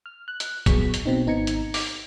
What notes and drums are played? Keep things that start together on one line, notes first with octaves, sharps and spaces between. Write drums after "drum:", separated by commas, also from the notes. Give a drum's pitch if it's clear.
F6
F#6
drum: hi-hat
A#1 F#3 B3 G#4 C#6 B6, drum: kick D#1, hi-hat
drum: hi-hat
B2 C4 D#4
G#1 B3 D#4 A#5 G#6 C#7
drum: hi-hat
D6, drum: open hi-hat